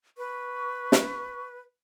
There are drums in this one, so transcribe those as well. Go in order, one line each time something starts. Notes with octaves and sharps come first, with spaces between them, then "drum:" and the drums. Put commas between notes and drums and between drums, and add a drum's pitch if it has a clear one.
B4 C#6
drum: snare